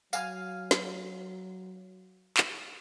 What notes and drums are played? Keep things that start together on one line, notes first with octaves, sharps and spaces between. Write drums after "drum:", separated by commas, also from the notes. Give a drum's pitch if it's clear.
F#3 F5 G#5 F6, drum: tambourine
drum: snare
drum: clap